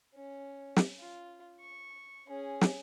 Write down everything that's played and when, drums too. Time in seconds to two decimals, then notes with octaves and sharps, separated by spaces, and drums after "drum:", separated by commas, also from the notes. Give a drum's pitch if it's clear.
0.14 C#4
0.76 drum: snare
1.00 F4
1.60 C#6
2.28 C#4 G#4
2.61 drum: snare